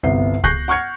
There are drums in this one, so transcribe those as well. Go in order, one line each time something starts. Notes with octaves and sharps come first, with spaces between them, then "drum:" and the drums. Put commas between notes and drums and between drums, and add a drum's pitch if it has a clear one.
G1 C2 C3 B3 E5 C7
C#6 F#6 G6 A#6 C7, drum: kick C#2
F#5 C#6 F6 G#6 C#7